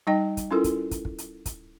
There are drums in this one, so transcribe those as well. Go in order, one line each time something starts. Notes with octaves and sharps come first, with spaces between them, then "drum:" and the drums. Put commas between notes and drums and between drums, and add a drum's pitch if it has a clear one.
G3 D#4 D#5 G5
drum: kick, hi-hat
C#4 E4 F4 A4 A#4
drum: kick, hi-hat
drum: kick, hi-hat
drum: kick
drum: hi-hat
drum: kick, hi-hat